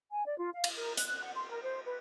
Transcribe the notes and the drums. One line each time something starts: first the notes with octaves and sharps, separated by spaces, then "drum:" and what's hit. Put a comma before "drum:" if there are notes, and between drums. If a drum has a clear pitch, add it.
G#5
D5
F4
F5
drum: cymbal
A#4
F#6, drum: hi-hat
F#5
C6
A#4
C5
B4